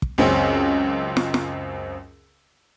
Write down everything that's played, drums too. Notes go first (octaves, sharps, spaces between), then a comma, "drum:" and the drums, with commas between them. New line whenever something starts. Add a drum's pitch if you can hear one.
drum: kick
C#2 F#2 C4 C#4
drum: snare
drum: snare